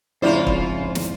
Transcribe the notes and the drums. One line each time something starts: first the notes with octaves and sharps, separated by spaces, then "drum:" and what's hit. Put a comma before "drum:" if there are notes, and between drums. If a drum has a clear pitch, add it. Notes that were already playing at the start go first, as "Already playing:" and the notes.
F2 G#2 C#3 E4 F4 C5 D5 A#5
drum: kick
drum: snare